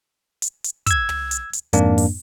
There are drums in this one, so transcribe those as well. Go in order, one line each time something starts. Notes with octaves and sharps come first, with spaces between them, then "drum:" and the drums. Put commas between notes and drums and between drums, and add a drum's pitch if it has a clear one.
drum: hi-hat
drum: hi-hat
E6 G#6, drum: kick, hi-hat
drum: tom
drum: hi-hat
drum: hi-hat
F2 G#2 A#3 D4, drum: hi-hat
drum: open hi-hat